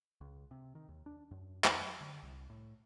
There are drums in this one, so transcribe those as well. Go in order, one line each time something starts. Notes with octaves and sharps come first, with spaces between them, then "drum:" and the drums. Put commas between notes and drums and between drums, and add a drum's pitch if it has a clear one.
C#2
C3
D#3
D#2
D4
F#2
F2, drum: clap
F#3
D3
C2
A2